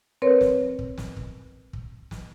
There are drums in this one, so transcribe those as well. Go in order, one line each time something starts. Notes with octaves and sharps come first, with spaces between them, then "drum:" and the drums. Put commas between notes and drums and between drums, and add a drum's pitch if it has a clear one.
C4 A#4 B4 C#5
drum: snare
drum: kick
drum: snare
drum: kick
drum: kick
drum: snare